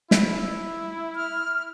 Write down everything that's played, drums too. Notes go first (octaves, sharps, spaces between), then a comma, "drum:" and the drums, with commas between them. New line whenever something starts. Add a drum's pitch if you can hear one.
E4, drum: snare
F6